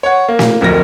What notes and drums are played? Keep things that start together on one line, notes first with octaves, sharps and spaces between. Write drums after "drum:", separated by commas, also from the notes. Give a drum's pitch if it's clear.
C#5 F#5
A#3
drum: snare
D1 F2 A#4 A#6